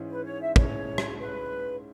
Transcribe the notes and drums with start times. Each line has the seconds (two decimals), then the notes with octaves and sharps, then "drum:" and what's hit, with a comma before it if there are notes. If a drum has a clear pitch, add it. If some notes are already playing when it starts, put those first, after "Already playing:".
Already playing: G#2 E3 C#4
0.09 B4
0.25 C#5
0.41 E5
0.56 G#2 G#3 C#4 E4 C#5, drum: kick
0.98 drum: rim click
1.19 B4